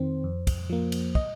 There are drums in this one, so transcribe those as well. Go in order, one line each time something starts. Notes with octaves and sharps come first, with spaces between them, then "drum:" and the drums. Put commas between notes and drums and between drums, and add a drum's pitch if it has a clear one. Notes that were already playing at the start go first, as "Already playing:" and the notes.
Already playing: F2 D#3 C4 C5
F2
drum: kick, cymbal
F3 A#3
drum: cymbal
D#5, drum: kick